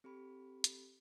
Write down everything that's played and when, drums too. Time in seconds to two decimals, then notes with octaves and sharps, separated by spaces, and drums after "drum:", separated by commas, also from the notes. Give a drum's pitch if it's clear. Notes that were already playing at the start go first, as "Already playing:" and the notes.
0.04 C4 G4 A4 B5
0.64 drum: hi-hat